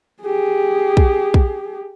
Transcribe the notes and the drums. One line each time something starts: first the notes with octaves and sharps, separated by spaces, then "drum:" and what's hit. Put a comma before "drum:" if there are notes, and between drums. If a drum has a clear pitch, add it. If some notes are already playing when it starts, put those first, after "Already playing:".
G4 G#4
drum: kick
drum: kick